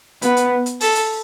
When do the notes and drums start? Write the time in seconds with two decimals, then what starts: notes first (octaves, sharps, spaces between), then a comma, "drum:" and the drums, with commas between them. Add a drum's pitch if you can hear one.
0.22 B3 B4, drum: hi-hat
0.37 drum: hi-hat
0.66 drum: hi-hat
0.81 A4, drum: open hi-hat
0.95 drum: hi-hat